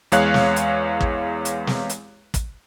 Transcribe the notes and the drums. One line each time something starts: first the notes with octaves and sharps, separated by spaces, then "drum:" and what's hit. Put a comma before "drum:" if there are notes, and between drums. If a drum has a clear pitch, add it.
E2 G#3 C#5 F5 F#6, drum: hi-hat
drum: snare
drum: hi-hat
drum: kick
drum: hi-hat
drum: snare
drum: hi-hat
drum: kick, hi-hat